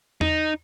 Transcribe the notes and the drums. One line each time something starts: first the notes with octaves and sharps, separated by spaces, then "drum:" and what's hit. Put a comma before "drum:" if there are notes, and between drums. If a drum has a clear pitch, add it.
D#4, drum: tom E2